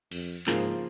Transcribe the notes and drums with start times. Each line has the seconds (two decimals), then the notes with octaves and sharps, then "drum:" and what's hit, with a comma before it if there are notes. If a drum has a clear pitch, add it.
0.11 F2, drum: cymbal
0.47 G#2 C#3 F3 A#3 F4 G#4, drum: clap